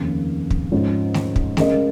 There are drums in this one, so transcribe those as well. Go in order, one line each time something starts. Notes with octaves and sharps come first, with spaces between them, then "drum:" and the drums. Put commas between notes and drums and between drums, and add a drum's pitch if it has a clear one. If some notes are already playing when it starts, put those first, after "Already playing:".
Already playing: F1 D#2 C#3
drum: kick
G#2 F3 C#4
drum: snare A3
drum: kick
C#3 G#3 C#4 A#4 D#5, drum: snare A3